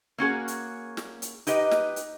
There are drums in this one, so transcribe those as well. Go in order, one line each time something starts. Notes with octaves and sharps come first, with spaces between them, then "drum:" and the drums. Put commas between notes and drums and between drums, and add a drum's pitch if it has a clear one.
A#3 C#4 F#4 G#4
drum: hi-hat
drum: snare
drum: hi-hat
D#4 G4 B4 D#5, drum: hi-hat
drum: snare
drum: hi-hat